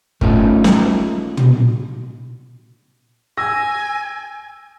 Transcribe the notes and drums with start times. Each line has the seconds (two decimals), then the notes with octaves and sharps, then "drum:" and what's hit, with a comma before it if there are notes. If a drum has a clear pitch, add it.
0.21 A3 A#3 C#4 D#4 F4 A4, drum: kick
0.64 drum: snare
1.37 drum: tom
3.38 G#5 E6 A#6